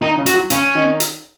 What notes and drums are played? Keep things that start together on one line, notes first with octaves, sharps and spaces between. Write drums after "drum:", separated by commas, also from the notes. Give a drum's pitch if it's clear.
D#3 D#4
C#3
F#4, drum: hi-hat
F#3
C#3 C#4, drum: hi-hat
D#3
drum: hi-hat